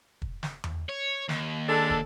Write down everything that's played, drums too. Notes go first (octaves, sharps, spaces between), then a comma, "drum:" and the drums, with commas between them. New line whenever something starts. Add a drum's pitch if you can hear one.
drum: kick
drum: snare
drum: tom E2
C#5
D#2, drum: snare
G#3 D4 A4
drum: kick